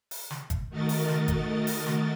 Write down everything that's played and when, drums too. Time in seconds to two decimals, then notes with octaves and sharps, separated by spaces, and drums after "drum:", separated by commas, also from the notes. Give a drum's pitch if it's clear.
0.11 drum: open hi-hat
0.30 drum: snare
0.50 drum: kick G1, hi-hat
0.69 D#3 A3 F#4 A#4 D#5 A6
0.89 drum: open hi-hat
1.08 drum: snare
1.28 drum: kick G1, hi-hat
1.67 drum: open hi-hat
1.86 drum: snare